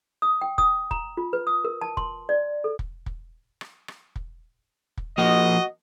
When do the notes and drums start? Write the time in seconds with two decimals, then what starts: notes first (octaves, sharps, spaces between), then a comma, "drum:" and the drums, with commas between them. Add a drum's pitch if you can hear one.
0.22 D#6
0.41 G5
0.58 D#6, drum: kick
0.91 A#5, drum: kick
1.17 F4
1.33 B4
1.47 D#6
1.65 A#4
1.81 A5
1.97 C6, drum: kick
2.29 D5
2.64 A4
2.79 drum: kick
3.06 drum: kick
3.61 drum: rim click
3.88 drum: rim click
4.16 drum: kick
4.97 drum: kick
5.18 F3 A#3 F#4 D#5